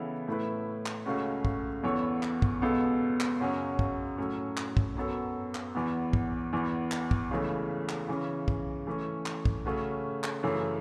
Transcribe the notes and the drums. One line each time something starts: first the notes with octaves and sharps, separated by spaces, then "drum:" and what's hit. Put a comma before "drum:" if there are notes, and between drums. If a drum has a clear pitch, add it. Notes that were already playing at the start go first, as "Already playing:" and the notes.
Already playing: C#3 E3 B3 E4 A4
A2 A3 E4 B4
drum: clap
C#2 C#3 A3 C#4 F#4
drum: kick
E2 E3 B3 A4 C#5
drum: clap
drum: kick
C#2 B2 B3 A4
drum: clap
F#2 C#3 F#3 C#4 F#4
drum: kick
A2 F#3 C#4 A4 C#5
drum: clap
drum: kick
F#2 F#3 B3 A4
drum: clap
E2 E3 B3
drum: kick
E2 E3 B3
drum: clap
drum: kick
C#2 C#3 E3 A3
drum: clap
C#3 E3 C#4
drum: kick
E3 A3 C#4
drum: clap
drum: kick
C#3 A3 C#4 F#4
drum: clap
F#2 C#3 E3 A3